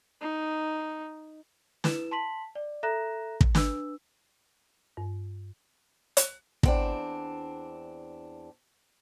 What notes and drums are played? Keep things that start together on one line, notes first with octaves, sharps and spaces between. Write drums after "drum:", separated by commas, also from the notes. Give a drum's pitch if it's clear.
D#4
E4 B4 E7, drum: snare
A5 C6 B6 F#7
D5
A4 E5 A#5 F#6 A#6 E7
drum: kick
D4 B4 E6, drum: snare
G2
drum: hi-hat
E2 C4 D4, drum: kick